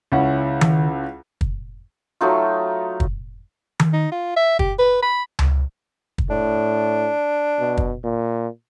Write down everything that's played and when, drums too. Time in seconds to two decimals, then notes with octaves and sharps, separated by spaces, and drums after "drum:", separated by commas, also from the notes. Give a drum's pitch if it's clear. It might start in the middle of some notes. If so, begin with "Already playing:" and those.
0.12 C#2 C#4 E4 F#5
0.61 drum: tom D#3
1.41 drum: kick
2.21 F#3 A3 D#4 F4
3.00 drum: kick
3.80 drum: tom D#3
3.93 D#4
4.12 F4
4.37 E5
4.59 G4, drum: kick
4.79 B4
5.02 B5
5.39 drum: tom C#2
6.18 drum: kick
6.30 A2 D4
7.59 B2
7.77 drum: kick
8.04 A#2